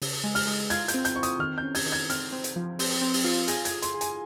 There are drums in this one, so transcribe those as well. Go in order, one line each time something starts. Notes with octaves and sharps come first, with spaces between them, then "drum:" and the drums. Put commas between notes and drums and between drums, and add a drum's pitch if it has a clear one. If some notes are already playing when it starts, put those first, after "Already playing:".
C#3, drum: open hi-hat
G#3
F6, drum: open hi-hat
G#3
F4 G#6, drum: hi-hat
G6, drum: hi-hat
C4
G6, drum: hi-hat
C4 C#6
D#6, drum: hi-hat
D#3 F6
G6
C#4
G#6, drum: open hi-hat
D#3
G#6
C4 F6, drum: hi-hat
C4
drum: hi-hat
F3
C4, drum: open hi-hat
C4
drum: open hi-hat
F4
G#4 A#6, drum: hi-hat
G#6, drum: hi-hat
G#4
C6, drum: hi-hat
G#4
G#5, drum: hi-hat